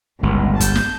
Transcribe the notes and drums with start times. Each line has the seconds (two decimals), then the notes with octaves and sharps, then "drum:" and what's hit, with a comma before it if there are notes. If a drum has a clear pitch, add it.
0.23 G1 C#2 A#2
0.60 A5 G6, drum: kick, hi-hat
0.75 drum: snare